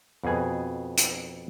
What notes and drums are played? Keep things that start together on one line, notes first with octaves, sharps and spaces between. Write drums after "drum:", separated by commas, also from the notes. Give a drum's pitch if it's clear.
F2 B2 G#4
drum: hi-hat